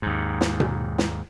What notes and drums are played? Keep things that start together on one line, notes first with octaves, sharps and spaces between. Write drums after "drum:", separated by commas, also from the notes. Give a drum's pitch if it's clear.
D#2 G#2
drum: snare
drum: tom B2
drum: snare